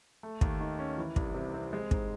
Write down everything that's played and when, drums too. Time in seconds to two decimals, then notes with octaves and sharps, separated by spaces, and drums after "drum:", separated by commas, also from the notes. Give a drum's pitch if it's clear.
0.23 A3
0.41 D#2, drum: kick
0.61 D#3
0.79 C#4
0.98 E3
1.16 C2, drum: kick
1.34 C3
1.54 C4
1.73 G#3
1.91 G#2, drum: kick